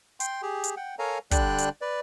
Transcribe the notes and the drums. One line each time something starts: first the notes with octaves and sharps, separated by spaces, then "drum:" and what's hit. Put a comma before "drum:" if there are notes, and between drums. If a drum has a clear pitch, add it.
G5 C6, drum: hi-hat
G4 G#4
drum: hi-hat
F#5 G5
A4 A#4 C#5 F5 G#5 A#5
D3 G3 D4 D5 G5 F#6, drum: kick, hi-hat
drum: hi-hat
B4 D5